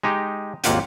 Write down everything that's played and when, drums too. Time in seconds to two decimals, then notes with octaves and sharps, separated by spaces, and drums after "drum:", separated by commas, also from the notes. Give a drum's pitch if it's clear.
0.04 G#3 D#4 G4
0.64 G#1 D#2 A#3 F4 F#5 G5, drum: hi-hat